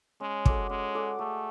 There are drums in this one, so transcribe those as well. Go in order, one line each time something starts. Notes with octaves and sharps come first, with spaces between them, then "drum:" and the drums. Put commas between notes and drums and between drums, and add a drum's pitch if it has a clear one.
G#3 C#4
F#4 A4 D5, drum: kick
G#3 C#4
F#4 A4 D5
G#3 A3